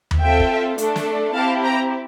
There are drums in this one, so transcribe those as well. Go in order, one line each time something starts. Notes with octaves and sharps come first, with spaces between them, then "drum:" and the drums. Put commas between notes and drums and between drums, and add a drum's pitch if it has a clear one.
drum: tom D#2
C4 F4 A4 E5 G5
drum: kick
A3 D4 A4, drum: hi-hat
drum: snare
C4 E4 G4 F5 A5
G5 A#5